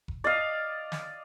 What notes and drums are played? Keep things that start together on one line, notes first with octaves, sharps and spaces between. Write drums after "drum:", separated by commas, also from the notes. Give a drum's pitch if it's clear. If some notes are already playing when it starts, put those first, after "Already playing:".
drum: kick F1
D5 D#5 F5
drum: snare